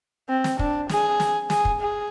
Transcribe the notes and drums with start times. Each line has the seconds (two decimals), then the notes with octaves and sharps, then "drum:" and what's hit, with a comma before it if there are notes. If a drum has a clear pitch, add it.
0.29 C4
0.44 drum: snare
0.59 D4, drum: kick
0.89 G#4, drum: snare
1.20 drum: snare
1.50 G#4, drum: snare
1.65 drum: kick
1.80 G#4